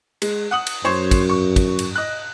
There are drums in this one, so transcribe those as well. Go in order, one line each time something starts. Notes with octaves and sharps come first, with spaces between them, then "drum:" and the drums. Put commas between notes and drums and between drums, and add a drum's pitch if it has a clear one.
G#3, drum: cymbal
F#5 D#6 F#7
drum: cymbal
F#2 C5 C#5
drum: kick, cymbal
C#6
drum: kick, cymbal
drum: cymbal
D#5 F#6